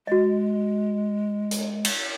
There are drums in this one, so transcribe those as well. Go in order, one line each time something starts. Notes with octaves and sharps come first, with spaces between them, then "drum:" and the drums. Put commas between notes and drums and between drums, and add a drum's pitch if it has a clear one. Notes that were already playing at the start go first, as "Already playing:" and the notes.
G#3 F#4 D#5
drum: hi-hat
drum: cymbal